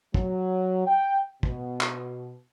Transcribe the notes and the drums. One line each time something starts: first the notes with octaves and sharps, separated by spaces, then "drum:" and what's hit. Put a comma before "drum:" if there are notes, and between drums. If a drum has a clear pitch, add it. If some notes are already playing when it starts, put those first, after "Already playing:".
F#3, drum: kick
G5
B2, drum: kick
drum: clap